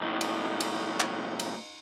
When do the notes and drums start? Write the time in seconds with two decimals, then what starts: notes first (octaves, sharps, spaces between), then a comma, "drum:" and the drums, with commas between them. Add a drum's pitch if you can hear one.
0.01 B1 A2
0.21 drum: cymbal
0.60 drum: cymbal
1.00 drum: clap
1.40 drum: cymbal